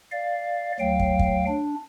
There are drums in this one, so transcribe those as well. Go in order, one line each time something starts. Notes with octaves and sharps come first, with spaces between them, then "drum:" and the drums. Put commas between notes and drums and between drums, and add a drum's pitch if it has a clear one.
D5 F5
D2 F#3 F5 G5
drum: kick
drum: kick
D4